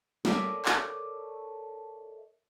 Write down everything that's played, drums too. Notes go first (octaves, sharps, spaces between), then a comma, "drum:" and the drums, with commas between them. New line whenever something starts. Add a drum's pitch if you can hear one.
A4 A#4 C#5 D5 E5, drum: snare
drum: clap